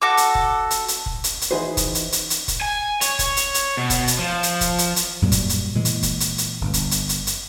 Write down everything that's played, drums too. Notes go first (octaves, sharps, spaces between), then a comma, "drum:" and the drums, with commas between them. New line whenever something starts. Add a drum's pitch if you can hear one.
F#4 A4 D6
drum: hi-hat
drum: kick
drum: hi-hat
drum: hi-hat
drum: kick
drum: hi-hat
drum: hi-hat
E3 D#4 F#4 G#4 B4 C5
drum: kick, hi-hat
drum: hi-hat
drum: hi-hat
drum: hi-hat
drum: kick, hi-hat
G#5
C#5, drum: hi-hat
drum: kick, hi-hat
drum: hi-hat
drum: hi-hat
B2
drum: kick, hi-hat
drum: hi-hat
F3
drum: hi-hat
drum: kick, hi-hat
drum: hi-hat
drum: hi-hat
F#2 A#2 F#3 G3
drum: kick, hi-hat
drum: hi-hat
A#2 E3 G#3
drum: hi-hat
drum: kick, hi-hat
drum: hi-hat
drum: hi-hat
G1
drum: kick, hi-hat
drum: hi-hat
drum: hi-hat
drum: hi-hat